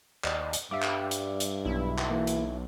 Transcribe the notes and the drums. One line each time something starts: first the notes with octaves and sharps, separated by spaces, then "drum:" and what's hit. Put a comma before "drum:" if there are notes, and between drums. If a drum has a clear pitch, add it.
D#2 D5 D#5, drum: clap
drum: hi-hat
G2 G3 E5 F5 D6
drum: clap
drum: hi-hat
drum: hi-hat
B1 E4
drum: clap
E3 A#3
drum: hi-hat